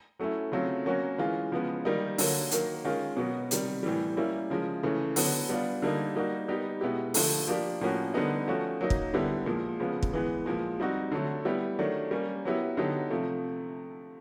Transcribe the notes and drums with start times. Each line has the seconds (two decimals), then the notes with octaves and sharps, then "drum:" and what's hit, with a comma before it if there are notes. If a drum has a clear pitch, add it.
0.19 F#3 A3 C#4 E4
0.52 C#3 F#3 A3 C4 F4
0.86 F#3 A#3 C#4 F#4
1.18 E3 G#3 C#4 F4
1.52 C#3 F3 G#3 B3
1.85 D#3 G3 A#3 D#4
2.18 D3 F#3 A#3, drum: open hi-hat
2.51 D#3 F#3 A#3, drum: hi-hat
2.84 D#3 G#3 C#4 F4
3.17 B2 F#3 B3
3.51 C3 D#3 G3, drum: hi-hat
3.83 A2 E3 G3
4.17 G3 A#3 C#4 E4
4.50 C#3 F3 G#3
4.83 C#3 E3 A3
5.16 D3 F#3 B3, drum: open hi-hat
5.49 G3 B3 D4 F4
5.82 D3 G3 A#3 D#4
6.16 G3 A#3 D#4 F#4
6.48 G3 B3 D#4 G4
6.81 B2 G#3 B3 E4 G4
7.14 D3 F3 A3, drum: open hi-hat
7.47 F3 A#3 D4 G4
7.81 A2 F3 A#3 C#4 F#4
8.14 D3 G3 B3 D#4
8.47 F3 A3 C#4 F#4
8.81 F#3 A#3 D#4
8.90 drum: kick
9.14 D3 G3 B3 E4 G4
9.46 A#2 F3 G#3
9.80 C#3 F3 G#3 B3
10.03 drum: kick
10.13 E3 G#3 B3
10.46 A#2 F3 G#3
10.80 G3 C4 D#4 F#4
11.12 D3 F#3 A3
11.45 G3 B3 E4 G4
11.79 D#3 F#3 A3 D4
12.11 G3 A#3 C#4
12.45 F#3 B3 E4 G4
12.77 D3 F#3 B3 D#4 G4
13.10 C3 F3 A3